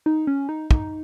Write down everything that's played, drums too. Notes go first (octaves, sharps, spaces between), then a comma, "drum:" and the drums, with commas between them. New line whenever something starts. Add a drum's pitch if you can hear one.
D#4
C#4
D#4
D#4, drum: kick